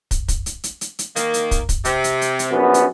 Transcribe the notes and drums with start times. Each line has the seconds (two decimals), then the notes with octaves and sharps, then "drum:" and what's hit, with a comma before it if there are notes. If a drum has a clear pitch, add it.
0.11 drum: kick, hi-hat
0.28 drum: kick, hi-hat
0.46 drum: hi-hat
0.64 drum: hi-hat
0.81 drum: hi-hat
0.99 drum: hi-hat
1.16 D#3 A#3, drum: hi-hat
1.34 drum: hi-hat
1.51 drum: kick, hi-hat
1.69 drum: kick, hi-hat
1.85 C3, drum: hi-hat
2.04 drum: hi-hat
2.22 drum: hi-hat
2.39 drum: hi-hat
2.51 A#1 F#2 B3
2.74 drum: hi-hat